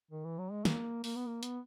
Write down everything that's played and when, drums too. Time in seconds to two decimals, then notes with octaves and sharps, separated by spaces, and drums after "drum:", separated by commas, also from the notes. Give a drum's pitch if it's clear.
0.11 D#3
0.25 E3
0.38 F#3
0.51 G#3
0.65 A#3, drum: snare
1.04 A#3, drum: open hi-hat
1.16 B3
1.27 A#3
1.43 B3, drum: hi-hat